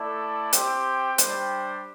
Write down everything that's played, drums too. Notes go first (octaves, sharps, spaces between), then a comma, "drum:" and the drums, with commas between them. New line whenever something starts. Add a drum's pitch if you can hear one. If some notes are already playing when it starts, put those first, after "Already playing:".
Already playing: A3 E4 A4 D5
C4 G4 C5 G5, drum: hi-hat
G3 D4 G4 C5, drum: hi-hat